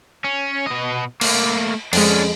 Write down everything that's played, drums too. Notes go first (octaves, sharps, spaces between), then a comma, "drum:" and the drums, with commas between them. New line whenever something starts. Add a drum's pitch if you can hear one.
C#4
B2 D#5
A3 A#3, drum: cymbal
F2 G#3 C#4 D4, drum: cymbal